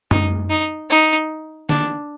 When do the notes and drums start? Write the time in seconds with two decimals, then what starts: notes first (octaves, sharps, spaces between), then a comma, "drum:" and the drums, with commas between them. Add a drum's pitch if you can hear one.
0.11 D#4, drum: tom F#2
0.50 D#4
0.90 D#4
1.69 D4, drum: snare